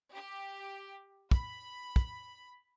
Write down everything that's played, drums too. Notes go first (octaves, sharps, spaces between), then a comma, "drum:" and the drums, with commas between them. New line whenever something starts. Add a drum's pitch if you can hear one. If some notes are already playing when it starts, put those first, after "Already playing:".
G4
B5, drum: kick
drum: kick